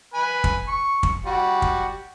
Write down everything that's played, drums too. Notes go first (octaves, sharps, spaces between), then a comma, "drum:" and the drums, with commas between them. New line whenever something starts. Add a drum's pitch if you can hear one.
B4 G#5
drum: kick
C#6
drum: kick
G3 F#4
drum: kick